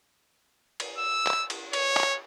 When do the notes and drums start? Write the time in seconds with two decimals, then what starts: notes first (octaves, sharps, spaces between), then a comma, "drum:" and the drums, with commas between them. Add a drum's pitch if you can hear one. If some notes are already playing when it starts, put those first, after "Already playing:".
0.80 drum: cymbal
0.98 E6
1.27 drum: clap
1.50 drum: cymbal
1.73 C#5, drum: cymbal
1.97 drum: clap